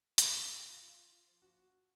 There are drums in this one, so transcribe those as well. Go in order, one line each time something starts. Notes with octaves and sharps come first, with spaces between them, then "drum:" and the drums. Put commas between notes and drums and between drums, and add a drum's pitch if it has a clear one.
F4, drum: hi-hat
F4
F4
F4
F4
F4
F4
F3
A#3 F#4